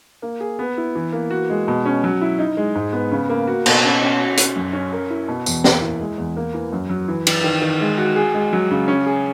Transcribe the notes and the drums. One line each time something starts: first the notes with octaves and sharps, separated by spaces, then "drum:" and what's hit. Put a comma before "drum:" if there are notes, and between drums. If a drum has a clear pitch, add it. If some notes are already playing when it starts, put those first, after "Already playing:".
A#3
G#4
B3
E4
E3
A#3
F#4
G#3
B2
C#4
F#3
E4
D#4
G#3
G#2
B3
C#3
A#3
F#4
B2, drum: cymbal
C#4
C#4
F#4
C#4, drum: hi-hat
F#2
C#4
A#4
E4
B2
E2, drum: tambourine
A#3, drum: snare
E4
G#3
E2
A#3
E3
F#2
F#3
E3
E3, drum: cymbal
D#3
D#3
G#3
F#4
G#4
G#3
F#3
C#3
C#4
G#4